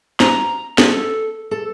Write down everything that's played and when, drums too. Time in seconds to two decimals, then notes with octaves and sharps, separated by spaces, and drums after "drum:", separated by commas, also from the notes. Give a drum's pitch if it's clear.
0.20 A#5, drum: snare
0.78 A4, drum: snare
1.51 A4